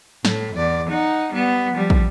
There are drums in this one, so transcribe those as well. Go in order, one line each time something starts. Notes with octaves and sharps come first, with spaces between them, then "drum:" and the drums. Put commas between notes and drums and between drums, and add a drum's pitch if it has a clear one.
A2, drum: snare
E2 D5
D#4 F#5
G3 B3
F3 G3
drum: kick